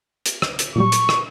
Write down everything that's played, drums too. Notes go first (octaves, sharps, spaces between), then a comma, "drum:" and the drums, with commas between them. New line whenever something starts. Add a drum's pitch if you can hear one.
drum: hi-hat
drum: rim click
drum: hi-hat
A#2 F#3 G3 C#6
drum: hi-hat
drum: rim click